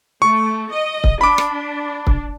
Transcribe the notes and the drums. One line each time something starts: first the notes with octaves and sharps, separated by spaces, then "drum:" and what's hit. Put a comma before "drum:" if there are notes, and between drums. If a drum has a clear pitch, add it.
A3 C#6
D#5
drum: kick
D4 B5 D6
drum: rim click
drum: kick